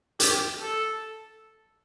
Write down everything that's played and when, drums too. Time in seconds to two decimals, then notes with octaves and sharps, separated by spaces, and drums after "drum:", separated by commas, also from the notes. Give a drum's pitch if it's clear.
0.20 G4, drum: hi-hat
0.61 A4